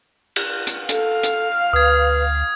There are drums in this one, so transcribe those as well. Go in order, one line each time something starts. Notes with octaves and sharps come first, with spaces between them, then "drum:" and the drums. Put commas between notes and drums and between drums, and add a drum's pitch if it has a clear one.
drum: cymbal
drum: hi-hat
A4 F5, drum: hi-hat
drum: hi-hat
D2 B4 D#6 G#6